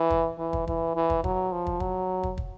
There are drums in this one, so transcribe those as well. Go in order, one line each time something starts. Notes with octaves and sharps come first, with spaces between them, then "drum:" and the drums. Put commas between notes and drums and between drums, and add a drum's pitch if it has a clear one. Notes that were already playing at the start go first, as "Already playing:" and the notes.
Already playing: E3
drum: kick
E3
drum: kick
E3, drum: kick
E3
drum: kick
F#3, drum: kick
F3
drum: kick
F#3, drum: kick
drum: kick
drum: kick